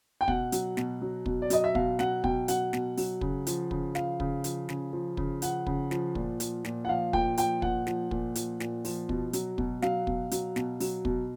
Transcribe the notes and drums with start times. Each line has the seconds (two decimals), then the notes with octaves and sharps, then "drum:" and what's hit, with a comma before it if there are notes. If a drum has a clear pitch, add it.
0.21 G5
0.28 B2 F#5, drum: kick
0.52 F#3, drum: hi-hat
0.77 B2, drum: snare
1.02 F#3
1.26 B2, drum: kick
1.42 D5
1.50 F#3 D#5, drum: hi-hat
1.64 E5
1.75 B2 F5, drum: kick
1.99 F#3 F#5, drum: snare
2.24 B2 G5, drum: kick
2.48 F#3 F#5, drum: hi-hat
2.73 B2, drum: snare
2.97 F#3, drum: open hi-hat
3.21 C#3, drum: kick
3.47 F3, drum: hi-hat
3.71 C#3, drum: kick
3.95 F3 F5, drum: snare
4.20 C#3, drum: kick
4.44 F3, drum: hi-hat
4.69 C#3, drum: snare
4.93 F3
5.17 C#3, drum: kick
5.42 F3 F#5, drum: hi-hat
5.66 C#3, drum: kick
5.91 F3, drum: snare
6.15 A#2, drum: kick
6.40 F3, drum: hi-hat
6.65 A#2, drum: snare
6.85 F#5
6.89 F3 F5
7.13 A#2 G5, drum: kick
7.37 F3 G5, drum: hi-hat
7.62 A#2 F#5, drum: kick
7.87 F3, drum: snare
8.11 A#2, drum: kick
8.35 F3, drum: hi-hat
8.60 A#2, drum: snare
8.85 F3, drum: open hi-hat
9.09 B2, drum: kick
9.33 F#3, drum: hi-hat
9.58 B2, drum: kick
9.82 F#3 F5, drum: snare
10.07 B2, drum: kick
10.31 F#3, drum: hi-hat
10.56 B2, drum: snare
10.80 F#3, drum: open hi-hat
11.05 B2, drum: kick